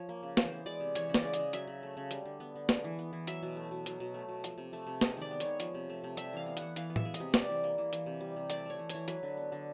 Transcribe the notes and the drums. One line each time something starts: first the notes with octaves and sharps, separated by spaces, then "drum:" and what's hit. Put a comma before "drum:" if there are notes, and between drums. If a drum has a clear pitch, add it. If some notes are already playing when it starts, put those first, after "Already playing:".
Already playing: F3 C#5
A#3
C#3
E3 C5, drum: snare
B3
G#3 D5
C3
E3 C#5, drum: hi-hat
C#3
D5, drum: snare
G#3
C#3 D#5, drum: hi-hat
F#3 E5, drum: hi-hat
C#3
A3
C#3
G3, drum: hi-hat
D3
B3
D3
G#3, drum: snare
E3
B3
E3
F#3 E5, drum: hi-hat
B2
A3
B2
F#3, drum: hi-hat
B2
A3
B2
F3, drum: hi-hat
C3
A3
C3
G#3 D#5, drum: snare
D#3 D5
B3
D#3 C#5, drum: hi-hat
F3, drum: hi-hat
C3
A3
C3
G3 E5, drum: hi-hat
E3 F5
B3
E3 F#5, drum: hi-hat
E3 F5, drum: hi-hat
B3
E5, drum: tom
G#3
D#5, drum: hi-hat
C3
G3 D5, drum: snare
E3
A#3
E3
E3, drum: hi-hat
C3
G3
C3
A3 D5, drum: hi-hat
A3 C#5
E3
E3 C#5, drum: hi-hat
F#3 B4, drum: hi-hat
D3
B3
D3